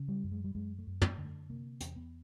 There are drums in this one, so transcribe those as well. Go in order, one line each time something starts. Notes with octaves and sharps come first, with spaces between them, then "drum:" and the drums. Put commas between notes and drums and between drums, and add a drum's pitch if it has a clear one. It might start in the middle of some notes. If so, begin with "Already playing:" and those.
Already playing: C#3
G3
F#2
G#3
G3
F#2 G#3
A3
F#2
A#3, drum: tom
D3 A#3
A3
C3 A#3
E2, drum: hi-hat
B3